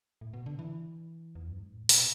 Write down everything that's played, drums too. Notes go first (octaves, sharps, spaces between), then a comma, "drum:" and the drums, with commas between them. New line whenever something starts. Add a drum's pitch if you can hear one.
A2
B2
D3
E3
E2
F#2
G#2
A2
B2, drum: open hi-hat